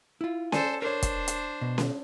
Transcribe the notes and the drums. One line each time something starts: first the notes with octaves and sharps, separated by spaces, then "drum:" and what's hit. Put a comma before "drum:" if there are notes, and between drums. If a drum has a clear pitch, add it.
E4 F4
A4 C5 D5 G#5, drum: snare C#4
D4 A#4 C5 C#5
drum: kick, hi-hat
drum: hi-hat
B2
drum: snare C#4